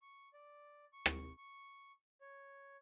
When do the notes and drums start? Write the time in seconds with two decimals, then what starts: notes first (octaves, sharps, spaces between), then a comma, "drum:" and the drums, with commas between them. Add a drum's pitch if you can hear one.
0.02 C#6
0.33 D5
0.93 C#6
1.06 drum: rim click
1.38 C#6
2.21 C#5